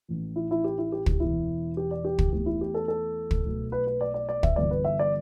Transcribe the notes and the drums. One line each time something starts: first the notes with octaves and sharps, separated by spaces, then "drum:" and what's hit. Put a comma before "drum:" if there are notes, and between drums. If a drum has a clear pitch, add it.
A1 A2 E3
E4
E4
G4
E4
G4
G4, drum: kick
E1 E2 E3 E4
G4
D5
G4
drum: kick
E2 E3 A3 G4
E4
G4
A4
A4
drum: kick
B1 B2 A3
B4
B4
D5
D5
D5
E5, drum: kick
G1 G2 E3 D5
B4
E5
D5